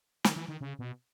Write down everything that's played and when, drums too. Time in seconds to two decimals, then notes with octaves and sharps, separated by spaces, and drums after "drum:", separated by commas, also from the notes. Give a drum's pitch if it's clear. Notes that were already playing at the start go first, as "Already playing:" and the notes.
0.24 D#3, drum: snare
0.36 E3
0.48 D#3
0.61 C#3
0.79 B2